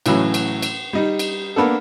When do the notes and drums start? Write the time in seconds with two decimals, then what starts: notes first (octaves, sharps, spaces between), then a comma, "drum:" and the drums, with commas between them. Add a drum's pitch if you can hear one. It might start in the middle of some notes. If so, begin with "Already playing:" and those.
0.06 A2 C#3 E3 F#3, drum: cymbal
0.34 drum: cymbal
0.63 drum: cymbal
0.93 G3 D#4
1.19 drum: cymbal
1.56 A#3 B3 D4 A4